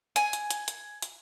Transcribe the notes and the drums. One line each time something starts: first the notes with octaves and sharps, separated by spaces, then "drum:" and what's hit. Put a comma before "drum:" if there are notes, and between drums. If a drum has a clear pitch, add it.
G#5, drum: hi-hat
drum: hi-hat
drum: hi-hat
drum: hi-hat
drum: hi-hat